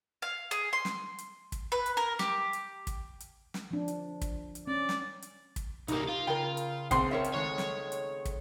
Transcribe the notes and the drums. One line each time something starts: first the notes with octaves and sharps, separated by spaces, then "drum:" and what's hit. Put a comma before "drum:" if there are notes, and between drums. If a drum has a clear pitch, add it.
F5
G#4, drum: hi-hat
C6
drum: snare
drum: hi-hat
drum: kick, hi-hat
B4
drum: hi-hat
A#4
G4, drum: snare
drum: hi-hat
drum: kick, hi-hat
drum: hi-hat
drum: snare
F3 D4
drum: hi-hat
drum: kick, hi-hat
drum: hi-hat
C#4 D5
drum: snare
drum: hi-hat
drum: kick, hi-hat
C2 A#3 D#4 G4, drum: hi-hat
F4
C#3 A#4 G5
drum: hi-hat
C#2 C4 C6, drum: kick, hi-hat
A#4 C#5 E5
drum: hi-hat
D#3 G#3 A3 C#5
drum: snare
drum: hi-hat
drum: kick, hi-hat